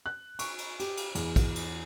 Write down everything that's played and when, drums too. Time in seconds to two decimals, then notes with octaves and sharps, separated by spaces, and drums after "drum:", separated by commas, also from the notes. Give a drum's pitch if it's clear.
0.06 F#6
0.39 C#6, drum: cymbal
0.58 drum: cymbal
0.80 G4, drum: cymbal
0.97 drum: cymbal
1.15 E2, drum: cymbal
1.36 drum: kick, cymbal
1.56 drum: cymbal